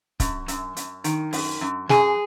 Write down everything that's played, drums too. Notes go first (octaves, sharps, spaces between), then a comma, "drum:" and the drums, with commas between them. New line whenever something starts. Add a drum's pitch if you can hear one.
F#2, drum: kick C#1, hi-hat
F#2, drum: hi-hat
F#2, drum: hi-hat
D#3, drum: hi-hat
F#2, drum: open hi-hat
F#2
F#2 G#4, drum: snare